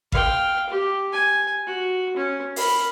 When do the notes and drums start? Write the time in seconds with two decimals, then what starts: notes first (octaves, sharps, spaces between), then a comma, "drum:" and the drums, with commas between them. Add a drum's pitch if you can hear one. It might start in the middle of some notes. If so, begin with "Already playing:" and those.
0.12 F5 G5, drum: kick G#1
0.69 G4
1.13 G#5
1.67 F#4
2.17 C#4
2.56 A#4 B5, drum: open hi-hat